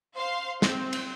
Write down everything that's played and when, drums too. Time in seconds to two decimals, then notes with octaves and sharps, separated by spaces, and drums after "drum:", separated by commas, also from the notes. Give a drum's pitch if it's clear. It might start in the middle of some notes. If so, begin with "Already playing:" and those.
0.17 C5 F5 C6
0.62 C4, drum: snare
0.93 drum: cymbal